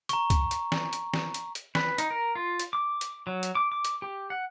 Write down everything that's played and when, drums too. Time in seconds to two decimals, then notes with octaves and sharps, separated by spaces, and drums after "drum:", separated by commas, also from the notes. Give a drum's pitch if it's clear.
0.09 A#5 C#6, drum: hi-hat
0.30 drum: kick, hi-hat
0.51 drum: hi-hat
0.72 drum: snare
0.93 drum: hi-hat
1.14 drum: snare
1.34 drum: hi-hat
1.55 drum: hi-hat
1.75 B4, drum: snare
1.98 D#4, drum: hi-hat
2.11 A#4
2.35 F4
2.59 drum: hi-hat
2.73 D6
3.01 drum: hi-hat
3.27 F#3
3.43 drum: hi-hat
3.55 D6
3.72 D6
3.85 drum: hi-hat
4.02 G4
4.30 F#5